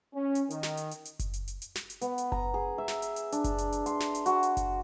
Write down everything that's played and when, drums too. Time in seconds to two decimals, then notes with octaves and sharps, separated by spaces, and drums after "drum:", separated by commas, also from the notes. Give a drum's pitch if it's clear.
0.14 C#4
0.35 drum: hi-hat
0.50 D#3, drum: hi-hat
0.63 drum: snare
0.77 drum: hi-hat
0.91 drum: hi-hat
1.05 drum: hi-hat
1.19 drum: kick F#1, hi-hat
1.33 drum: hi-hat
1.48 drum: hi-hat
1.62 drum: hi-hat
1.76 drum: snare
1.90 drum: hi-hat
2.01 B3, drum: hi-hat
2.18 drum: hi-hat
2.32 A#5, drum: kick F#1
2.54 G#4
2.78 E5
2.88 drum: snare
3.02 drum: hi-hat
3.16 drum: hi-hat
3.32 D4, drum: hi-hat
3.44 drum: kick F#1, hi-hat
3.58 drum: hi-hat
3.72 drum: hi-hat
3.86 C6, drum: hi-hat
4.01 drum: snare
4.15 drum: hi-hat
4.26 F#4, drum: hi-hat
4.43 drum: hi-hat
4.57 drum: kick F#1, hi-hat